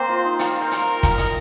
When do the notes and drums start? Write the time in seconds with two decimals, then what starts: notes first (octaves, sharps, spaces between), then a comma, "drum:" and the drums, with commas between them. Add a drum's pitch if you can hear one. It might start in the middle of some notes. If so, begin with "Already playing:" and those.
Already playing: A#3 C4 C5
0.09 F4
0.24 D#4
0.39 F4 A#4, drum: hi-hat
0.61 G5
0.71 drum: hi-hat
0.81 F5
1.03 F5, drum: kick, hi-hat
1.18 D#5, drum: hi-hat